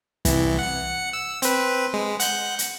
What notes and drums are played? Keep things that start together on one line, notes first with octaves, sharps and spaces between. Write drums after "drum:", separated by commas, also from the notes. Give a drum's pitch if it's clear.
C2 E3, drum: kick, hi-hat
F#5 C#7
E6
C4 B4, drum: hi-hat
G#3
F#5 F#6 G6, drum: hi-hat
drum: hi-hat